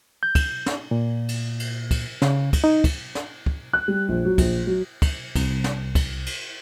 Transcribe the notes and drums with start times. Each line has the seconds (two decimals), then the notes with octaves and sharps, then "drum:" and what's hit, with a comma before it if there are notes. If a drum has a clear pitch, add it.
0.23 G6
0.35 drum: kick, cymbal
0.66 drum: snare
0.91 A#2
1.29 drum: cymbal
1.60 drum: cymbal
1.91 drum: kick, cymbal
2.22 C#3, drum: snare
2.53 drum: kick, cymbal
2.64 D#4
2.84 drum: kick, cymbal
3.15 drum: snare
3.46 drum: kick
3.73 F#6
3.88 G3
4.09 A#1
4.25 F#3
4.38 A#1, drum: kick, cymbal
4.67 F#3
5.02 drum: kick, cymbal
5.36 C2, drum: kick, cymbal
5.64 drum: snare
5.95 drum: kick, cymbal
6.26 drum: cymbal